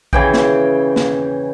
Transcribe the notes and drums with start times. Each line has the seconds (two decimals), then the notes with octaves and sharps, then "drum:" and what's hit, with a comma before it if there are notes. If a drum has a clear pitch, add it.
0.13 C#3 E3 G5, drum: kick A#1
0.34 drum: snare
0.96 drum: snare